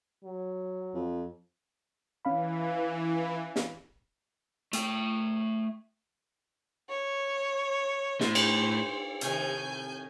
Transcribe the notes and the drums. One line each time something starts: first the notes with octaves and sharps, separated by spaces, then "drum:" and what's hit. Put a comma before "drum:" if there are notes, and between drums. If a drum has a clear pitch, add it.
F#3
F2
E3 C#4 F5 B5
drum: snare
A3 G5, drum: hi-hat
C#5
A2 C5, drum: snare
drum: cymbal
A2 C3 D#3 G#5 G6, drum: hi-hat